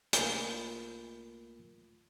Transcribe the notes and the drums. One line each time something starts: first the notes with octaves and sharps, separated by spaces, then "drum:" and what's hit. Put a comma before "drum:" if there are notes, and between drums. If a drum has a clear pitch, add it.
C2 A3 A#3 F4 A#4 B5, drum: hi-hat